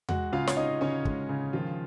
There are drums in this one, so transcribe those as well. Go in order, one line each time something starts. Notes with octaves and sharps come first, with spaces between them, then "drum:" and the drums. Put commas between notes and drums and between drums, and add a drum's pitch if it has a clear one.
G#3 F#4 F#5, drum: tom E2
C#3 F4 F5
C#5, drum: snare
C#4 D#4 D#5
C#3 C#4 C#5
G#3, drum: kick
C#3
D#3 F3 F4